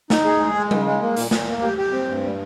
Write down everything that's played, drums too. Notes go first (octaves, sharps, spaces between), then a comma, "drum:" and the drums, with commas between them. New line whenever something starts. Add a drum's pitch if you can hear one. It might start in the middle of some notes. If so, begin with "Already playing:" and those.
D#4, drum: snare A3
G#4
G#3
G#3
C#3, drum: tom G3
G#3
A#3
A#2, drum: hi-hat
A#2, drum: snare A3
A#3
G4
G4
C4
G2
G3